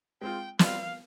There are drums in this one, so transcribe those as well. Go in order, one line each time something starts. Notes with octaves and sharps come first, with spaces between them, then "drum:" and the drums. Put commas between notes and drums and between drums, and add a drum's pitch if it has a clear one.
G#3 C4 F4 G5
G3 C4 F4 F5, drum: snare